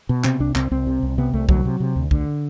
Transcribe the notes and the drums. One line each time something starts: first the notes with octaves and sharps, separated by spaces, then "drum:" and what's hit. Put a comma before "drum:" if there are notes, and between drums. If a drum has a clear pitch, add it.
B2
C3 C4, drum: clap
C2 D4
C2 C4, drum: clap
C2 C4
C3
C2
C3 B3
C2 A3
D2 F#3, drum: kick
C3
C3
D2
D2 D3, drum: kick